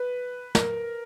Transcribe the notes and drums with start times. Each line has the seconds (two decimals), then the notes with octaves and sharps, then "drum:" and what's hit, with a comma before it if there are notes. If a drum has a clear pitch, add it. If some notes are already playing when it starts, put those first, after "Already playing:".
Already playing: B4
0.55 A#4, drum: snare